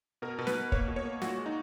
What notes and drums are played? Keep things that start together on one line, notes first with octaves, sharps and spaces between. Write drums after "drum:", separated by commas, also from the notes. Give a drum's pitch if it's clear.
B2 A#4
B2
B4, drum: snare
B2
A#3 C#5, drum: kick
B2
C#5
A#3
A#2 F#4, drum: snare
G#3
D#4